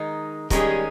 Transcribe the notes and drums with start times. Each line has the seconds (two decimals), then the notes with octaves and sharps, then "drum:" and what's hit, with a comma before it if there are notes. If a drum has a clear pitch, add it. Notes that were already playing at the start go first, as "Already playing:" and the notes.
Already playing: D#3 G#3 D#4
0.50 D#3 G3 G#3 C#4 G#4, drum: kick C#1, hi-hat